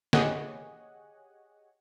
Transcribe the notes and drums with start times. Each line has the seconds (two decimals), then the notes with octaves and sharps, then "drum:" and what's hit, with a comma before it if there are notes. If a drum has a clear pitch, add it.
0.13 G4 G#4 C#5 D#5 F#5 G#5, drum: snare